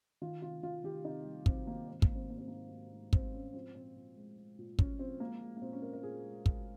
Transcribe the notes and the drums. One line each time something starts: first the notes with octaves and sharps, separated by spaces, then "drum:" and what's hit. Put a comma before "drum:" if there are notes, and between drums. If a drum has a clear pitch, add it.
D#3 F4
C3 F4
D#3 F4
D#3 G4
C3 D#4
G3
C3 C4, drum: kick
D#3 A#3
G#2 C4
A#3, drum: kick
G#2
C4
G#2 A#3
C4
G#2 A#3
G#2
G#2
G#2 C4, drum: kick
G#2 C#4
F3 C4
A#2 C4
A#2
G#3
G#3
A#2
F3 C#4, drum: kick
F3 C4
G#3 A#3
G#3
A#3
A#2 C4
C#4
A#2 A#4
A#4
A#2 G#4
G#3
G#3, drum: kick